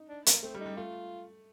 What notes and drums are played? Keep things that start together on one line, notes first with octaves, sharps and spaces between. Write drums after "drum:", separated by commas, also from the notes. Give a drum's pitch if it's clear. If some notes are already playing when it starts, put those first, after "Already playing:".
Already playing: D#4
D4
A#3, drum: hi-hat
A3 C4
G3
D#4
G3
A3 F4